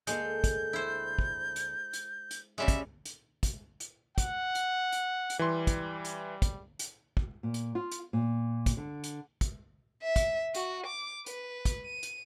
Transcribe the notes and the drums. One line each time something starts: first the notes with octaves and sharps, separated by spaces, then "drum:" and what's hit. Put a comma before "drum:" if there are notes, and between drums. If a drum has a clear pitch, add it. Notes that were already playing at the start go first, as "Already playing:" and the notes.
D2 G#3 A#3 A4 G6, drum: hi-hat
drum: kick, hi-hat
E4 C5
drum: kick
drum: hi-hat
drum: hi-hat
drum: hi-hat
C#3 G3 G#3 E5
drum: kick, hi-hat
drum: hi-hat
drum: kick, hi-hat
drum: hi-hat
F#5, drum: kick, hi-hat
drum: hi-hat
drum: hi-hat
drum: hi-hat
E3 G3 C6
drum: kick, hi-hat
drum: hi-hat
drum: kick, hi-hat
drum: hi-hat
drum: kick
A#2
drum: hi-hat
F4
drum: hi-hat
A#2
drum: kick, hi-hat
D3
drum: hi-hat
drum: kick, hi-hat
E5
drum: kick, hi-hat
F#4, drum: hi-hat
D6
B4, drum: hi-hat
drum: kick, hi-hat
D#7
drum: hi-hat